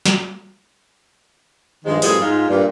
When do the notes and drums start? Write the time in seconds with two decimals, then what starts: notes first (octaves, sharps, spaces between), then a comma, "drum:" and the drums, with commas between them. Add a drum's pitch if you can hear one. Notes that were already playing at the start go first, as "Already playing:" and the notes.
0.06 drum: snare
1.85 G2 D#3 F3 G#3
2.02 F#2 A2 F3 G3 B3 G#4, drum: open hi-hat
2.21 G#2 G#3 F4
2.48 G2 A#2